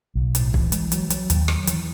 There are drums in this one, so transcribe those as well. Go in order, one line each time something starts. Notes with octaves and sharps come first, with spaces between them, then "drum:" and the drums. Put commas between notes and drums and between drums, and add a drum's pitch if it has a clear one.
B1
A2, drum: hi-hat
E3, drum: kick
G#3, drum: hi-hat
F#3, drum: hi-hat
F#3, drum: hi-hat
D#2, drum: hi-hat
F#3, drum: rim click
E3, drum: hi-hat